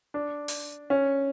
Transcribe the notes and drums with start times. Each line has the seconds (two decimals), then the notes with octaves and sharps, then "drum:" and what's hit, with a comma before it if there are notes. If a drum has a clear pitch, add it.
0.14 D4
0.48 drum: open hi-hat
0.90 C#4